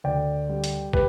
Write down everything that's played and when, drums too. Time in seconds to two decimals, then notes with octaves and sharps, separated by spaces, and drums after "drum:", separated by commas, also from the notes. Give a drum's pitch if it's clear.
0.04 D2 D5 G5
0.49 G3
0.64 drum: hi-hat
0.93 G4 B4, drum: kick